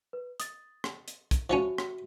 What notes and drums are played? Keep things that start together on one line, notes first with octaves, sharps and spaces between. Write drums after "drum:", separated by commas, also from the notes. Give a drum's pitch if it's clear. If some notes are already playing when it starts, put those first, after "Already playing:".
B4
D#6 A6, drum: hi-hat
drum: rim click
drum: hi-hat
drum: kick, hi-hat
F3 F#3 C#4 F#4 E5
drum: rim click